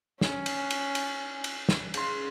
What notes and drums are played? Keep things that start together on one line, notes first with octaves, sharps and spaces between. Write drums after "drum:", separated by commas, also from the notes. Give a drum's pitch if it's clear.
C#4, drum: snare
drum: cymbal
drum: cymbal
drum: cymbal
drum: cymbal
drum: snare
C#3 C6, drum: cymbal